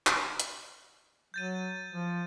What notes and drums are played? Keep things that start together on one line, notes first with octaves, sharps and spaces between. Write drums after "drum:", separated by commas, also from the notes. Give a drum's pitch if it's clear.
drum: clap
drum: hi-hat
F#3 G6 A6 D#7
F3